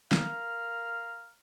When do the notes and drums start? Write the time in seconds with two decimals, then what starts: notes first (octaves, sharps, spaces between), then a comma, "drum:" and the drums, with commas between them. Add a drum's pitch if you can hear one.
0.12 A#4 F5 A#5 F6, drum: snare